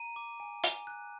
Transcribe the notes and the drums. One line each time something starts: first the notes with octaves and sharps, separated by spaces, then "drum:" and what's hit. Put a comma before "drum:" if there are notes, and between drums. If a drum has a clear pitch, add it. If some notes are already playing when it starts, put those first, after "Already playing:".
Already playing: A#5 D#7
D6
G#5
G#5, drum: hi-hat
F#6